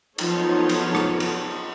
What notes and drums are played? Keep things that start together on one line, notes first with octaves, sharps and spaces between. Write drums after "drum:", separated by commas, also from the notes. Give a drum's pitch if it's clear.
F3 F#3 B3 D#4 A4 C#5, drum: cymbal
drum: cymbal
drum: rim click
drum: cymbal